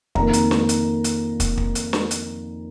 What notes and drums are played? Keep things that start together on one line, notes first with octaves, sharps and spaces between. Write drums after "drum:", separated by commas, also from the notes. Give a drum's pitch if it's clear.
F2 D#3 A#3 A#5, drum: kick
drum: hi-hat
drum: snare
drum: hi-hat
drum: hi-hat
drum: kick, hi-hat
drum: kick
drum: hi-hat
drum: snare
drum: hi-hat